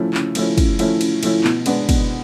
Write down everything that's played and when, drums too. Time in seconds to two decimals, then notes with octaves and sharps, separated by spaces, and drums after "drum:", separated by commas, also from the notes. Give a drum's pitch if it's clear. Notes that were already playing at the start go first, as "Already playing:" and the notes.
Already playing: C#3 F3 A3 C#4 E4
0.14 C#3, drum: clap
0.35 F3 A3 C#4 E4, drum: cymbal
0.58 C#3, drum: kick, cymbal
0.79 F3 A3 C#4 E4, drum: cymbal
1.01 C#3, drum: cymbal
1.23 F3 A3 C#4 E4, drum: cymbal
1.44 B2, drum: clap
1.66 G#3 B3 D4, drum: cymbal
1.89 B2, drum: kick, cymbal